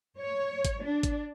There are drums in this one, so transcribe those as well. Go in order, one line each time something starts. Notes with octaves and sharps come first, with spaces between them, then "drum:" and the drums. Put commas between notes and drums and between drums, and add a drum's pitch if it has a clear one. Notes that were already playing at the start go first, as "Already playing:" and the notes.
C#5
drum: kick G#1, hi-hat
D4
drum: kick G#1, hi-hat